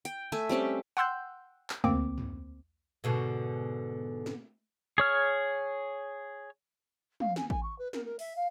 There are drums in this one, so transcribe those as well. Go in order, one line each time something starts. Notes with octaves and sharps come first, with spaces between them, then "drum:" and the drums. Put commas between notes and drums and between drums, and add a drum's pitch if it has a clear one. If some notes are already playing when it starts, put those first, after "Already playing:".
G5, drum: hi-hat
A3 E5 G#5
G3 C4 C#4 G4
F#5 G5 C6 E6 F#6 G6
drum: clap
D2 A#3 C4 D6, drum: tom
drum: tom
G#2 B2 D3
drum: snare
G#4 C#5 F6
F5, drum: tom
G#5, drum: snare
G#5, drum: kick A1
C#6
B4
A#4, drum: snare
A#4
E5, drum: open hi-hat
F5